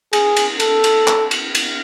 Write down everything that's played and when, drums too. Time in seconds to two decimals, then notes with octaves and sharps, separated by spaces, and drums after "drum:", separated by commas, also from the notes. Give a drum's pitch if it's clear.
0.13 G#4, drum: cymbal
0.36 drum: cymbal
0.60 A4, drum: cymbal
0.84 drum: cymbal
1.07 drum: clap
1.31 drum: cymbal
1.55 drum: cymbal